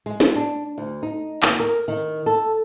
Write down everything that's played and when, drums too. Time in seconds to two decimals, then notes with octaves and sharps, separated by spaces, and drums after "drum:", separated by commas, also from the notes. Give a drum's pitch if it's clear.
0.06 G#3
0.20 drum: snare
0.36 D4
0.78 D2
1.03 D#4
1.42 D#2, drum: clap
1.60 A#4
1.88 D#3
2.26 A4